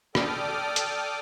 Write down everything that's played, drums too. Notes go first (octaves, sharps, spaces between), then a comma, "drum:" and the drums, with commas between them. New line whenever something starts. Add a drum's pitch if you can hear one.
A4 D5 G5 D6 D#6 F6, drum: rim click
drum: hi-hat